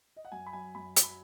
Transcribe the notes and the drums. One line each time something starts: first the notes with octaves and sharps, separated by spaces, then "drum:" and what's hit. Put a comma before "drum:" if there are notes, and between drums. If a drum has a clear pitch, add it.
D#5
F#5
F#2 G#5
B5
F#3 G#5
F#2 B5
F#3, drum: hi-hat
B5